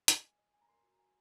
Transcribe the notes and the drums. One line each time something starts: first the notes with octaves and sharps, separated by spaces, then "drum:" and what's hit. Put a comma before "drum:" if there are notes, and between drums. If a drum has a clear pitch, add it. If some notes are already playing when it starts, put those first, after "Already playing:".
D#5, drum: hi-hat
G#5
D#5
G#5
A#5
A#4 C6
F#4
G#5